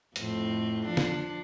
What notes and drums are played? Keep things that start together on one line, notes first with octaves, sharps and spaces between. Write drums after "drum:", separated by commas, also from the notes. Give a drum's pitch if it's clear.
F2 A2 C4, drum: hi-hat
F3 D4
drum: snare